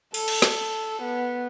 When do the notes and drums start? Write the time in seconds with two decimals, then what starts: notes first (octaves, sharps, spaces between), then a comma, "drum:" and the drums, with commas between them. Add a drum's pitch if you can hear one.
0.14 A4, drum: open hi-hat
0.28 drum: cymbal
0.42 drum: snare
1.02 B3